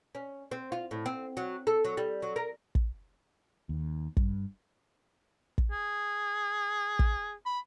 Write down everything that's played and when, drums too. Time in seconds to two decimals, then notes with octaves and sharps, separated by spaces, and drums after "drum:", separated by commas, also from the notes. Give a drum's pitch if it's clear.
0.15 C#4
0.51 C4
0.72 F4
0.91 A2
1.06 C4
1.37 F#3
1.67 A4
1.85 F#3
1.97 G3
2.22 F#3
2.36 A#4
2.75 drum: kick
3.69 D#2
4.17 G2, drum: kick
5.58 drum: kick
5.71 G#4
6.99 drum: kick
7.46 B5